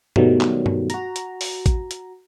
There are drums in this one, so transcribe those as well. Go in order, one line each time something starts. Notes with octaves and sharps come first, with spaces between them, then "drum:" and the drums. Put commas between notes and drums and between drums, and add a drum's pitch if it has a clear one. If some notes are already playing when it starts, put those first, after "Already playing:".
B2 D#3 F#3 G3 A3, drum: tom G2
drum: clap
drum: tom G2
F#4 A#5, drum: hi-hat
drum: hi-hat
drum: open hi-hat
drum: kick, hi-hat
drum: hi-hat